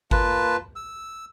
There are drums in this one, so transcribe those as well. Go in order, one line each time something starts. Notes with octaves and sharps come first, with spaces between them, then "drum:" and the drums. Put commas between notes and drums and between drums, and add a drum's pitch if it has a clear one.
A#3 F4 B4 A5, drum: kick G#1
E6